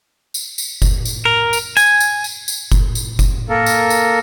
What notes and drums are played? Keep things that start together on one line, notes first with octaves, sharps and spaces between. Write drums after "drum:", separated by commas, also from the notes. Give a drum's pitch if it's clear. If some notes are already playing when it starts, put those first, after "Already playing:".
drum: tambourine
drum: tambourine
drum: kick F#1, tambourine
drum: tambourine
A#4
drum: tambourine
G#5, drum: tambourine
drum: tambourine
drum: tambourine
drum: tambourine
drum: kick F#1, tambourine
drum: tambourine
drum: kick F#1, tambourine
A#3 A4 A#4
drum: tambourine
drum: tambourine